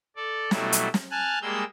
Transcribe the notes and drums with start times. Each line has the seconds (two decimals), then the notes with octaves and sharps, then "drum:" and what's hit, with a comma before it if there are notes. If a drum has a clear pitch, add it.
0.16 A4 D5
0.51 B2 F#3 G3 A3 E4, drum: snare
0.72 drum: hi-hat
0.94 drum: snare
1.11 G#5 A5 F6 F#6
1.42 G3 G#3 A#3 G#4 E6 G6